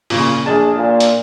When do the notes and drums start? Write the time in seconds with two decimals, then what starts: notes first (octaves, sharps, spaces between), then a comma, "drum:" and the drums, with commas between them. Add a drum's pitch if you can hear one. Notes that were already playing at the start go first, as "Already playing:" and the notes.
0.10 A#2 C#3, drum: open hi-hat
0.46 A#1 D4 G#4 A5
0.76 A#2
1.00 drum: hi-hat